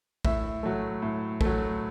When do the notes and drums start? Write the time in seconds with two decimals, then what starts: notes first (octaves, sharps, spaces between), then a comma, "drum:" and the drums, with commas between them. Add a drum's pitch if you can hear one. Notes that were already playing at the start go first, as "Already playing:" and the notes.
0.25 A2 E5, drum: kick
0.63 F#3 A3
1.02 A2
1.41 F#3 A3, drum: kick